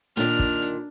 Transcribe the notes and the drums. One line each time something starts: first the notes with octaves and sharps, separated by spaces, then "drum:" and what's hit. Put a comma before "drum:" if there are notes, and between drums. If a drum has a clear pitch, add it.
A#2 D#3 D4 F6, drum: hi-hat
drum: kick
drum: hi-hat